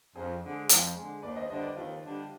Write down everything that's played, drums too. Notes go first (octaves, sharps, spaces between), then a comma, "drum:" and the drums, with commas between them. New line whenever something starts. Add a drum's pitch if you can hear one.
F2 G#4 C5
D3 G#3
F2, drum: hi-hat
D3 G#3
D#2 B4 D5
C5 D#5
D3 G3 D4 C5 D#5
B4 D5
D#2 F4
D3 G3 D4